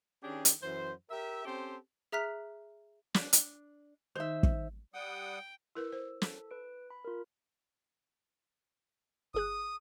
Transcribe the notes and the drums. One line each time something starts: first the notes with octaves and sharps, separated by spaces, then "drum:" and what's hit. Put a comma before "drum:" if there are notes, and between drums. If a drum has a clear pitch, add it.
D#3 C#4 D4 G4 G#4
drum: hi-hat
F#2 E3 C5
G4 A#4 E5
C4 C#4 G4 A4 C5
G#4 E5 A#5 F6 F#6 B6
D4, drum: snare
drum: hi-hat
D#3 D#4 C5 E5
drum: kick
G3 F#5 G5 D#6
E4 A#4 B4 E6
C5
A4, drum: snare
B4 D7
B5
F4 A#4
G1 G#4 D#6 F#6